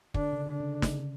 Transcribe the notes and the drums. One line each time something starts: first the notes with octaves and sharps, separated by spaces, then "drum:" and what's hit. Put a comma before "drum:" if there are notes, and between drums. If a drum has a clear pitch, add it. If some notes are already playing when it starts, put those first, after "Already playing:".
D3 D4, drum: kick
C#3
D3
D4
C#3
C#3, drum: snare
D3
C#3